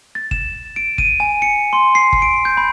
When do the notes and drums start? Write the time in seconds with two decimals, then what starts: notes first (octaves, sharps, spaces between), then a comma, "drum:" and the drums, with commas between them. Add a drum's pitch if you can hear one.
0.15 A6
0.31 E7, drum: kick
0.76 D7
0.98 D#7, drum: kick
1.20 G#5
1.42 C#7
1.73 C6
1.95 C7
2.13 drum: kick
2.22 D7
2.45 G6
2.57 B5